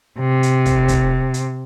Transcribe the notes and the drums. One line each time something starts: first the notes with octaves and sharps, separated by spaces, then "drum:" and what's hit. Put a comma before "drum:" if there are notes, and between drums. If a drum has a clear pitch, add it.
C3
drum: hi-hat
drum: kick, hi-hat
drum: kick, hi-hat
drum: hi-hat